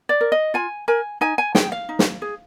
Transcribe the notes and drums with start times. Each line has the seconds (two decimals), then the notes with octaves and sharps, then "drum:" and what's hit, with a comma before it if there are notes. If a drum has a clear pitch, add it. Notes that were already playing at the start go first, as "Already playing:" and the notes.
0.09 D5
0.21 A#4
0.32 D#5
0.54 F4 G#5
0.88 A#4 G#5
1.21 D#4 G#5
1.38 G#5
1.55 G#4 G5, drum: snare
1.72 F5
1.89 D#4
1.99 drum: snare
2.22 G#4